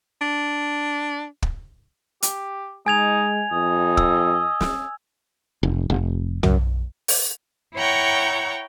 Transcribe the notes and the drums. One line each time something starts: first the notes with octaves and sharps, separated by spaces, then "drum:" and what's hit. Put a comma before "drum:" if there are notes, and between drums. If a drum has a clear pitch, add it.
D4
drum: kick
G4, drum: hi-hat
G#3 D#4 G#5 G#6 F7
F2 D#5
E6, drum: kick
drum: snare
F1
F1
F#2, drum: tom
drum: open hi-hat
E4 C#5 F#5 G5 A#5 C#6